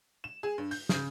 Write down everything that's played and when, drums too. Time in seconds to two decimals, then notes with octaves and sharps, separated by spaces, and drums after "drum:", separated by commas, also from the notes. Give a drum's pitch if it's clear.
0.24 E7
0.43 G#4
0.58 G2
0.71 G6, drum: open hi-hat
0.89 C#3, drum: snare